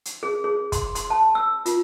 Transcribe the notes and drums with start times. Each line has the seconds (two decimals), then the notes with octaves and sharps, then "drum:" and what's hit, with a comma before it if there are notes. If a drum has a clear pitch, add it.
0.05 drum: hi-hat
0.23 G#4
0.44 G#4
0.72 C6, drum: kick, hi-hat
0.95 C6, drum: hi-hat
1.10 A5
1.35 E6
1.66 F4, drum: hi-hat